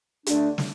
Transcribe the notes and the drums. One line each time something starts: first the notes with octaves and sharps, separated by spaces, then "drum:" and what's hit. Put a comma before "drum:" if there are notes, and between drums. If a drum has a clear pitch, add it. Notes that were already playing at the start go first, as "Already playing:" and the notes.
D3 A3 D4, drum: hi-hat
drum: snare